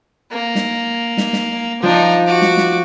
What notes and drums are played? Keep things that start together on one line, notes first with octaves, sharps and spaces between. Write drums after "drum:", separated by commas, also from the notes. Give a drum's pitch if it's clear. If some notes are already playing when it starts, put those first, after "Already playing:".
A#3
drum: snare
drum: snare
drum: snare
F3 D4 D#4
F#4 D6
drum: snare
drum: snare